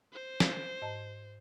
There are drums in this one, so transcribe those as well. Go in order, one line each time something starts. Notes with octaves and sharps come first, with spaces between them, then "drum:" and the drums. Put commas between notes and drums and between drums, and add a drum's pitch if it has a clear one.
C5
drum: snare
G#2 D#5 A5